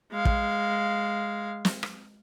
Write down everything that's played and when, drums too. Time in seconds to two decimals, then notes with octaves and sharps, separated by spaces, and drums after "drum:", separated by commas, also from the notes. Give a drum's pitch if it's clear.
0.12 G#3 F5
0.25 drum: kick
1.65 drum: snare
1.83 drum: rim click